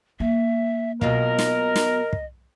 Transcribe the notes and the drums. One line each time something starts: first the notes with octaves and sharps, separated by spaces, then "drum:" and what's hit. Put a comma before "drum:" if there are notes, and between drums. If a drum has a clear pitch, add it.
A#3 E5
B2 F#3 F4 A#4 D#5, drum: kick
drum: snare
drum: snare
drum: kick